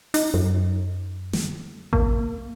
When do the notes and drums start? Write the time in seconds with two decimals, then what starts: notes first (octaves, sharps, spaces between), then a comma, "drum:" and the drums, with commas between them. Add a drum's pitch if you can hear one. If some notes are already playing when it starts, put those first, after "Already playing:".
0.14 D#4, drum: open hi-hat
0.34 F#2
1.33 drum: snare
1.93 A#3, drum: kick A1